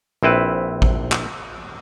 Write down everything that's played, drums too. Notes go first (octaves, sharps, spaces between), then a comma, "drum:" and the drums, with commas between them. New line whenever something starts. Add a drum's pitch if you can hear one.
A#1 C4 E4 B4
drum: kick A1
drum: clap